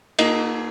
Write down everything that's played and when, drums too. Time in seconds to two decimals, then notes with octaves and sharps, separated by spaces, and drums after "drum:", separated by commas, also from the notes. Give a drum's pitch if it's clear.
0.19 A#3 D#4, drum: cymbal